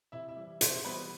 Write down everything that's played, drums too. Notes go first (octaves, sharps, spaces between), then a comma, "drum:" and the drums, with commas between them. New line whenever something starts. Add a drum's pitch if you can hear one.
C3 E4 E5
E4 E5
E3 G3
C3 C4 C5, drum: hi-hat
E3 G3 B3 B4